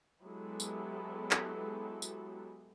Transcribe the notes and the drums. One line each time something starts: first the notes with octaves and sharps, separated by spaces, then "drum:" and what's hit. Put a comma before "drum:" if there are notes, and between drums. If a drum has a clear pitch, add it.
F#3 G#3 B3 E4 G4 A4
drum: tambourine
drum: clap
drum: tambourine